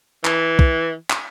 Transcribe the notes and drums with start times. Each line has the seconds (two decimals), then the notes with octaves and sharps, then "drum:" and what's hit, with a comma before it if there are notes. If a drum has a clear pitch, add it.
0.25 E3, drum: clap
0.59 drum: kick
1.10 drum: clap